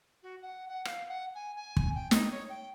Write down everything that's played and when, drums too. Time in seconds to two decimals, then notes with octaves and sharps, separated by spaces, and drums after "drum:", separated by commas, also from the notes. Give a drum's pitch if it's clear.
0.23 F#4
0.42 F#5
0.68 F#5
0.85 F5, drum: rim click
1.08 F#5
1.35 G#5
1.55 G#5
1.77 drum: kick
1.95 G5
2.11 D#4, drum: snare
2.31 C#5
2.49 G5